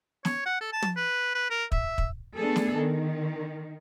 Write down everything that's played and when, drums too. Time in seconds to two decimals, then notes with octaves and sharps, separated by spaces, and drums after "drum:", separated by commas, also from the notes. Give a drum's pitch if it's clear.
0.25 C#5, drum: snare
0.46 F#5
0.61 A4
0.73 A5
0.82 drum: tom
0.97 B4
1.35 B4
1.50 A#4
1.72 E5, drum: kick
1.98 drum: kick
2.35 A3 B3 D4 G#4 A4
2.56 drum: snare
2.75 D#3